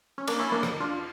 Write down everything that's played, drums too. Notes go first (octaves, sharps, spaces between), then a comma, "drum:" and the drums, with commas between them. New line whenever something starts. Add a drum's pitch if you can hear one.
C#4
A#3 D4, drum: cymbal
C#4 E4
A#3 D4
drum: rim click
D4 F4